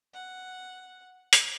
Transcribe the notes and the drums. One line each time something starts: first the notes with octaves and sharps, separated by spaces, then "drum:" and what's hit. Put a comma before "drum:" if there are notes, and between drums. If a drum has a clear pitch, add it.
F#5
drum: hi-hat